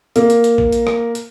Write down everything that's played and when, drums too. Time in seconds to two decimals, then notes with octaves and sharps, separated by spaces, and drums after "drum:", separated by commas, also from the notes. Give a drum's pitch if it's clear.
0.16 A#3, drum: hi-hat
0.30 drum: hi-hat
0.44 drum: hi-hat
0.58 drum: kick A#1
0.72 drum: hi-hat
0.87 drum: rim click
1.15 drum: hi-hat